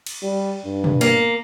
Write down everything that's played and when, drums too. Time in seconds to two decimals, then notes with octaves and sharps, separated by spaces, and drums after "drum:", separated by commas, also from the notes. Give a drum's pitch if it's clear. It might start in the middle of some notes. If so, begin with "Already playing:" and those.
0.06 drum: cymbal
0.23 G3
0.64 G2
0.84 drum: tom
1.01 A#3